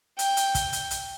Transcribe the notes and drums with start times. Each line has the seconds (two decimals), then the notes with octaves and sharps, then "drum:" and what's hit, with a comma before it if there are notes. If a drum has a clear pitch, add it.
0.19 G5, drum: hi-hat
0.37 drum: hi-hat
0.55 drum: kick, hi-hat
0.73 drum: hi-hat
0.91 drum: hi-hat